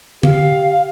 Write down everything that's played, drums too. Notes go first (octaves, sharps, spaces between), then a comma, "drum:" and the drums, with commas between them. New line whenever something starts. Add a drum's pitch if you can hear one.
G4 F5, drum: tom D3